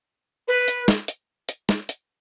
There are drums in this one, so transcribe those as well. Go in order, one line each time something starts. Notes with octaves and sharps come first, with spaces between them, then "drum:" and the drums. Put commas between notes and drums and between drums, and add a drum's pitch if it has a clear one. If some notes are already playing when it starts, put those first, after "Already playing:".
B4
drum: hi-hat
drum: snare
drum: hi-hat
drum: hi-hat
drum: snare
drum: hi-hat